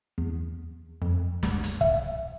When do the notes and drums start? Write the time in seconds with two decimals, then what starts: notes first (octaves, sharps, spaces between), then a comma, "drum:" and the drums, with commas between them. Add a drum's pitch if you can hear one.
0.18 E2
1.02 F2
1.43 drum: snare
1.64 drum: hi-hat
1.81 E5, drum: kick